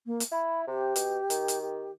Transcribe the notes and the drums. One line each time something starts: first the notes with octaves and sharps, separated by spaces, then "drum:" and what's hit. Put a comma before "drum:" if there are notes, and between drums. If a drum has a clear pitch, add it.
A#3
drum: hi-hat
E4 B5
C3 G4
B2, drum: hi-hat
D#3, drum: hi-hat
drum: hi-hat
G4